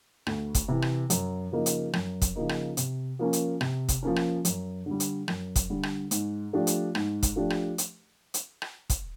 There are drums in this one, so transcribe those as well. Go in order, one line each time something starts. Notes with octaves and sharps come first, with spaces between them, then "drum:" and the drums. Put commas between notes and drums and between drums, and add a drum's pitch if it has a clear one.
D2, drum: rim click
drum: kick, hi-hat
C3 E3
drum: rim click
F#2, drum: hi-hat
C#3 F3 A#3 D#4
drum: hi-hat
F#2, drum: rim click
drum: kick, hi-hat
C#3 F3 A#3 D#4
drum: rim click
C3, drum: hi-hat
F3 A#3 C#4
drum: hi-hat
C3, drum: rim click
drum: kick, hi-hat
F3 A#3 C#4
drum: rim click
F#2, drum: hi-hat
D3 G3
drum: hi-hat
F#2, drum: rim click
drum: kick, hi-hat
D3 G3
drum: rim click
G#2, drum: hi-hat
F3 A3 D4 G4
drum: hi-hat
G#2, drum: rim click
drum: kick, hi-hat
F3 A3 D4 G4
drum: rim click
drum: hi-hat
drum: hi-hat
drum: rim click
drum: kick, hi-hat